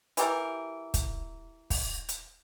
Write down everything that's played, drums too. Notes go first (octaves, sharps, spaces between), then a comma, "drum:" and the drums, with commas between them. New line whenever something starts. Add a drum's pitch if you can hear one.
E3 G4 A#4, drum: hi-hat
drum: kick, hi-hat
drum: kick, open hi-hat
drum: hi-hat